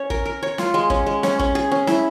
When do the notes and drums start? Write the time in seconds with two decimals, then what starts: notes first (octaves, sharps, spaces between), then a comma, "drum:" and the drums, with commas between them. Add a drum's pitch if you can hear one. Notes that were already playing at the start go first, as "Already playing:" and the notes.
Already playing: C#4 C#5
0.10 A#4, drum: kick
0.25 A#4
0.43 C#5
0.58 F4, drum: snare
0.74 G#3
0.90 C#4, drum: kick
1.06 G#3
1.23 C#4, drum: snare
1.39 C#4, drum: kick
1.55 G#4
1.72 C#4
1.87 E4, drum: snare